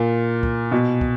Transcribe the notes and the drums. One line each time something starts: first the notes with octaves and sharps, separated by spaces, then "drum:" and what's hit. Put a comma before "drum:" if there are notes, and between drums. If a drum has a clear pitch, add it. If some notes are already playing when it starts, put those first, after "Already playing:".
Already playing: A#2
drum: kick
B2
drum: kick